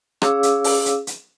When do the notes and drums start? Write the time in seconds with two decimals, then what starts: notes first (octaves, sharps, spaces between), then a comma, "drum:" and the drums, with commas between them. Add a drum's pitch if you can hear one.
0.22 C#4 G#4 C#5 F5 D6 E6, drum: rim click
0.43 drum: hi-hat
0.64 drum: open hi-hat
0.86 drum: hi-hat
1.07 drum: hi-hat